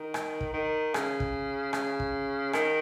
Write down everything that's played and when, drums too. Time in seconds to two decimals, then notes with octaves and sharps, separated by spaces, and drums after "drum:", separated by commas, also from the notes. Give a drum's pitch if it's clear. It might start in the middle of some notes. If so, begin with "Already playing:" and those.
Already playing: D#3
0.14 drum: rim click
0.41 drum: kick
0.53 D#3
0.94 C#3, drum: rim click
1.20 drum: kick
1.73 C#3, drum: rim click
2.00 drum: kick
2.53 D#3, drum: rim click